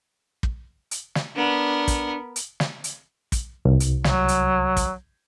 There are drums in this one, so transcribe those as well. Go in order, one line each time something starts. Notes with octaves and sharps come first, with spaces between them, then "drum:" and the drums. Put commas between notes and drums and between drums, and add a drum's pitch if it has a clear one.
drum: kick
drum: hi-hat
drum: snare
B3 D4 A#4
drum: kick, hi-hat
drum: hi-hat
drum: snare
drum: hi-hat
drum: kick, hi-hat
C2
drum: hi-hat
F#3, drum: snare
drum: hi-hat
drum: kick, hi-hat